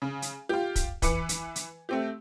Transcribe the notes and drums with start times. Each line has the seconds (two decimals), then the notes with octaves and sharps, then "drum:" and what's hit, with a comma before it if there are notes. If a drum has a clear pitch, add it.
0.02 C#3
0.22 drum: hi-hat
0.49 F4 G4
0.76 drum: kick, hi-hat
1.02 E3 B4 D6 C#7, drum: kick, hi-hat
1.29 drum: hi-hat
1.56 drum: hi-hat
1.89 A3 C4 G4